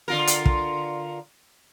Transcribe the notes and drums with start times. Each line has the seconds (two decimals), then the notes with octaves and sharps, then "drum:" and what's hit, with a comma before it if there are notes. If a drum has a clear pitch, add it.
0.08 D3 F4 A#4
0.27 drum: hi-hat
0.46 drum: kick